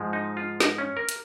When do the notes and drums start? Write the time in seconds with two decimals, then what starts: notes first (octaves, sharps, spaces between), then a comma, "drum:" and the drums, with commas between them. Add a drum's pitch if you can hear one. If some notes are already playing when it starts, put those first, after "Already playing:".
Already playing: G#2 F3 G#3
0.13 D#4
0.37 F4
0.60 D#4, drum: snare
0.78 C#4
0.97 A#4
1.09 drum: hi-hat